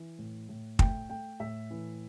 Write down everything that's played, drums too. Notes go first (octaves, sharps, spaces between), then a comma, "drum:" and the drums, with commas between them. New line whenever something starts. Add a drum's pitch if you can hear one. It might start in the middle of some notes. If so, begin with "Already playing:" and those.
Already playing: E3
A2
A2
A3 G5, drum: kick
A3 G5
A2 E5
E3